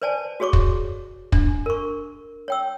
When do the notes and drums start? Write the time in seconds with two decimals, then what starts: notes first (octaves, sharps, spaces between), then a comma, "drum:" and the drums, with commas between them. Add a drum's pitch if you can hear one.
0.02 B4 C5 D5 G#5 A5
0.40 F#4 G#4 C#5 C#6 D6
0.53 drum: kick
1.32 D4, drum: kick
1.66 A#4 C#6
2.48 C#5 G5 E6